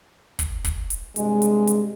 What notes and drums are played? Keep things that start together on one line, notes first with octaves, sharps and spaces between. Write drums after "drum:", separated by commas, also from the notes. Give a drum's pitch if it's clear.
drum: kick, hi-hat
drum: kick, hi-hat
drum: hi-hat
G2 C3 G#3, drum: hi-hat
drum: hi-hat
drum: hi-hat